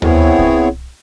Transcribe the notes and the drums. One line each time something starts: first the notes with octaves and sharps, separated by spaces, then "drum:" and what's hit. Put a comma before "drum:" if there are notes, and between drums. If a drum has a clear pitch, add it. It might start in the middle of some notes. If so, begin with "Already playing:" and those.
B3 C4 E4 G#4 C#5, drum: tom D#2
drum: kick C2